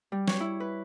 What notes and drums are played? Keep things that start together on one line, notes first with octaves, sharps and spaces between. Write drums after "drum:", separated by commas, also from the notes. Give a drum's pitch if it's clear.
G3
C#5, drum: snare
E4
B4